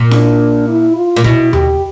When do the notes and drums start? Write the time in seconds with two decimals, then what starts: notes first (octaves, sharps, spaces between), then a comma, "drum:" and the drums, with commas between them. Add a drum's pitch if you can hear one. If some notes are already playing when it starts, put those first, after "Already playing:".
Already playing: A#2
0.11 D4, drum: snare E4
0.68 E4
0.96 F4
1.16 A#2
1.24 B2 E4, drum: kick
1.53 G4, drum: tom D#2